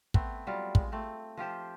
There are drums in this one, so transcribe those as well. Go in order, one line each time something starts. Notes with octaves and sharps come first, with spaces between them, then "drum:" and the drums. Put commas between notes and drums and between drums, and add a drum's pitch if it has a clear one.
A3 B3 C4, drum: kick
F#3 G3 F4
G#3, drum: kick
A3 C4
F3 F4 G4 C5